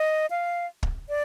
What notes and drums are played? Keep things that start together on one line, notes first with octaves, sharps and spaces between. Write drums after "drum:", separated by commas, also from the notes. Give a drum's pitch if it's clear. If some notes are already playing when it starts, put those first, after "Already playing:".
Already playing: D#5
F5
drum: kick
D5